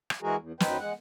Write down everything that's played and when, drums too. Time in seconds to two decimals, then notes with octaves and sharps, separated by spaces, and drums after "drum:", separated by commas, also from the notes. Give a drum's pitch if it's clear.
0.10 drum: rim click
0.22 E3 G#3 F#4 G#4 A#4
0.39 E2
0.60 F#2 D#4 B4 C5 G5, drum: snare
0.79 G#3 F#5